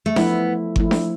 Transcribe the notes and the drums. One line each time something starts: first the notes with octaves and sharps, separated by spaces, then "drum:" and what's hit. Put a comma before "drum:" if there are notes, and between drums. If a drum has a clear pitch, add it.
A3
F3 A3 B3 E4, drum: snare D4
F3 A3 E4, drum: kick G1
drum: snare D4